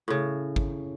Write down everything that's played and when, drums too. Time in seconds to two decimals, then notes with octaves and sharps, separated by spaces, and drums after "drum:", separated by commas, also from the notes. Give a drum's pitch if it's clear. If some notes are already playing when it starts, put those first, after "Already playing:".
0.08 A2 C#3
0.56 drum: kick G#1